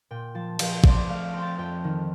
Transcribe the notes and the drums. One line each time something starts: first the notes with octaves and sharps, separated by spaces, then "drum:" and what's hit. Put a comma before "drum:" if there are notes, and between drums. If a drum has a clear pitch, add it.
A#2 G5
F3 A5
F3 G5, drum: cymbal
C4 D5, drum: kick
A3 F5
C4 G5
A5
F2 G5
D#3